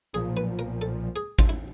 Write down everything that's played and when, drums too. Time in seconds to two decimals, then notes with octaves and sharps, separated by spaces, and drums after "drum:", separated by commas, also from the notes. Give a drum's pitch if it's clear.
0.13 B1 A#2 F3 G#4
0.37 B4
0.59 A#4
0.81 A4
1.16 G#4
1.39 F4, drum: kick G#1
1.49 E4